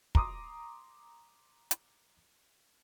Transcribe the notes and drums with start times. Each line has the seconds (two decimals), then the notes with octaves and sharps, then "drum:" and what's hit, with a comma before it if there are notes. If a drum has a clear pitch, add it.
0.15 A#5 C6 D6 D#6, drum: kick
1.71 drum: hi-hat